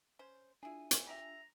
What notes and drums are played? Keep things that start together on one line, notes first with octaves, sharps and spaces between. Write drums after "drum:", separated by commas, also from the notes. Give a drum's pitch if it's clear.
C#4 C5
D4 E4 F4 G#4 G#5
drum: hi-hat
G4 D#5 E5 A#5